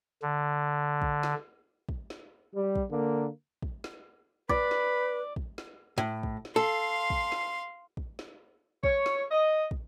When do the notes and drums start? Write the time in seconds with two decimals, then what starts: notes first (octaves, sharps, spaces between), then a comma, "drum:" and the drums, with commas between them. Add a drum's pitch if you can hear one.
0.22 D3
1.02 drum: kick
1.23 drum: snare
1.89 drum: kick
2.10 drum: snare
2.55 G3
2.76 drum: kick
2.90 D3 A#3
3.62 drum: kick
3.84 drum: snare
4.49 B4 D5 B5, drum: kick
4.71 drum: snare
5.36 drum: kick
5.58 drum: snare
5.98 A2
6.23 drum: kick
6.45 drum: snare
6.56 A4 F5 C6
7.10 drum: kick
7.32 drum: snare
7.97 drum: kick
8.19 drum: snare
8.83 C#5, drum: kick
9.06 drum: snare
9.30 D#5
9.71 drum: kick